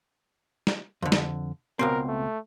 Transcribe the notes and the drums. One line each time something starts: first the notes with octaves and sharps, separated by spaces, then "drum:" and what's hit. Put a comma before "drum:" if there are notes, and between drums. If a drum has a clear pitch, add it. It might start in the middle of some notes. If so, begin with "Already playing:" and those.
drum: snare
F2 D3
drum: snare
C#2 B2 C4 A#4
A3